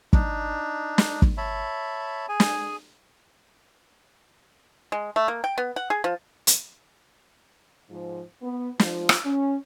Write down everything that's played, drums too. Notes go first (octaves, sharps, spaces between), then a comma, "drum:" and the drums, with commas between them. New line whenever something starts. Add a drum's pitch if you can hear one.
D4 D#4, drum: kick
drum: snare
drum: kick
C#5 E5 A5 B5
G#4 G#5
drum: snare
G#3
A3
A#3
G5
B3
F#5
G#4
F3
drum: hi-hat
G#2 F3
B3
F3, drum: snare
drum: rim click
C#4